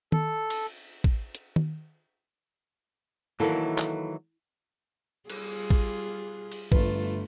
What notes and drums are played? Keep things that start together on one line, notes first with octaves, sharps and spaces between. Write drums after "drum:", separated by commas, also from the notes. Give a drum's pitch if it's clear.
A4, drum: tom D#3
drum: cymbal
drum: kick
drum: hi-hat
drum: tom D#3
D#3 E3 F#3 A#3 E4 A4
drum: clap
G3 F4 G#4, drum: cymbal
drum: kick
drum: cymbal
G1 A3 F4 B4, drum: kick